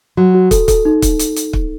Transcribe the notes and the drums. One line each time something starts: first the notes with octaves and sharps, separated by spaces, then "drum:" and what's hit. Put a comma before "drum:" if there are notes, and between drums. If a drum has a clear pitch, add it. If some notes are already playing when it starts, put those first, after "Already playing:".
F#3 F#4
F#4
A4, drum: kick, hi-hat
A4, drum: kick, hi-hat
D#4
drum: kick, hi-hat
drum: hi-hat
drum: hi-hat
drum: kick